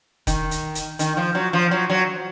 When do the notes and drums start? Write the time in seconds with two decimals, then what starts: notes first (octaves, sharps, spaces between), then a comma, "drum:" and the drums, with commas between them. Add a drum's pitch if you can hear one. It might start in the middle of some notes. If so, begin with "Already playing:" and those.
0.27 D#3, drum: kick F1, hi-hat
0.51 drum: hi-hat
0.75 drum: hi-hat
0.99 D#3, drum: hi-hat
1.17 F3
1.35 F#3
1.53 F3
1.71 F#3
1.90 F#3